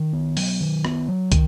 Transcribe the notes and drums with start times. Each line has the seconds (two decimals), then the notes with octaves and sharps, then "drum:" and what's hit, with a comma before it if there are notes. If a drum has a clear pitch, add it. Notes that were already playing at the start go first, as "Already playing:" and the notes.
Already playing: D#3
0.13 B3
0.37 F#3, drum: open hi-hat
0.60 D#3
0.85 B3, drum: rim click
1.08 F#3
1.32 D#3, drum: kick, hi-hat